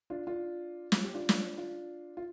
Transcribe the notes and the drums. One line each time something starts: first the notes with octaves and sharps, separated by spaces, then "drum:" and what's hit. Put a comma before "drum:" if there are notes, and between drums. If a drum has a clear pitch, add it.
D4 F4
D4 F4
F4, drum: snare
G4
D4 F4
drum: snare
D4 F4
F4